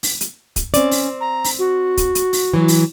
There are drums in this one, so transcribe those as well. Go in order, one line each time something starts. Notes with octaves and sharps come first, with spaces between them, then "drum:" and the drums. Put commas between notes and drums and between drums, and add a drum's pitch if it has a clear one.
drum: open hi-hat
drum: hi-hat
drum: kick, hi-hat
C4 C#4 D5, drum: hi-hat
drum: open hi-hat
A#5
drum: open hi-hat
F#4
drum: kick, hi-hat
drum: hi-hat
drum: open hi-hat
E3 F#3
drum: open hi-hat